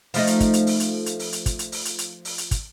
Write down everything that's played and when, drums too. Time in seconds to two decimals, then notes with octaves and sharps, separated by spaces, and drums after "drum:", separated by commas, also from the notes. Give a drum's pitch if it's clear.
0.14 F3 A3 D#4, drum: open hi-hat
0.27 drum: hi-hat
0.40 drum: kick, hi-hat
0.54 drum: hi-hat
0.67 drum: open hi-hat
0.80 drum: hi-hat
1.06 drum: hi-hat
1.19 drum: open hi-hat
1.33 drum: hi-hat
1.46 drum: kick, hi-hat
1.59 drum: hi-hat
1.72 drum: open hi-hat
1.85 drum: hi-hat
1.98 drum: hi-hat
2.25 drum: open hi-hat
2.38 drum: hi-hat
2.51 drum: kick, hi-hat